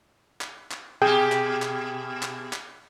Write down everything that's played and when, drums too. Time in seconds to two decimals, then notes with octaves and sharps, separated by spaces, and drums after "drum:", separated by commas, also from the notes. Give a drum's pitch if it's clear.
0.41 drum: clap
0.71 drum: clap
1.02 B2 G4 G#4 G5
1.32 drum: clap
1.62 drum: clap
2.23 drum: clap
2.53 drum: clap